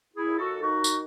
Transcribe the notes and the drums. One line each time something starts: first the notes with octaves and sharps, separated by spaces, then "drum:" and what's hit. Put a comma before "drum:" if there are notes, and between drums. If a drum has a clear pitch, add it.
E4 G#4
D#2
F#4 A4
D#3 D#4 F#4
drum: tambourine